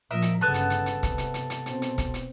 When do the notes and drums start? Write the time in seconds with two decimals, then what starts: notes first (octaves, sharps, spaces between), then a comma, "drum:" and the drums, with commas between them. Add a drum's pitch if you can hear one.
0.11 A#2 F3 A#3 A#4 D#5 E5
0.22 drum: hi-hat
0.41 G1 G2 C#3 B3 A4
0.54 drum: hi-hat
0.70 drum: hi-hat
0.86 drum: hi-hat
1.03 C3, drum: kick, hi-hat
1.18 drum: hi-hat
1.34 drum: hi-hat
1.50 drum: hi-hat
1.66 B2 C4, drum: hi-hat
1.82 drum: hi-hat
1.98 drum: kick, hi-hat
2.14 drum: hi-hat